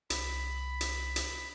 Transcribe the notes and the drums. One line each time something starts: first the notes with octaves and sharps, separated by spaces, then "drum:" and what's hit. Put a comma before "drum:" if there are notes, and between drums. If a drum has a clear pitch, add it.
C2 B5, drum: hi-hat
drum: hi-hat
drum: hi-hat